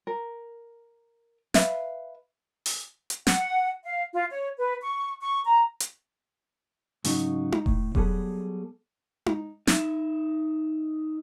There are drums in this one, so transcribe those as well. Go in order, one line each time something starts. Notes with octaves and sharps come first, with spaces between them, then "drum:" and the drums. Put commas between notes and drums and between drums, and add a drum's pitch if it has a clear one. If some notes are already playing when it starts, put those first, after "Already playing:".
A#4
B4 E5 F5, drum: snare
drum: open hi-hat
drum: hi-hat
F#5, drum: snare
F5
F4
C#5
B4
C#6
C#6
A#5
drum: hi-hat
G#2 C#3 F#3 C#4 D#4 F#4, drum: open hi-hat
drum: tom D#4
A2, drum: kick E1
F#3 G3 B3 G#4 A4, drum: kick E1
drum: tom D#4
D#4 E5, drum: snare